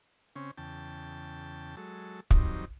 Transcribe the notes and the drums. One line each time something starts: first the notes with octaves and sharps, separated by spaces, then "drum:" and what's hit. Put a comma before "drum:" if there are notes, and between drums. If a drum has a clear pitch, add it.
C#3 C4 C#4
E2 C#3 G5 A5
F#3 G#3 A4
F2 D#3 F#3 G3 C4 D#4, drum: kick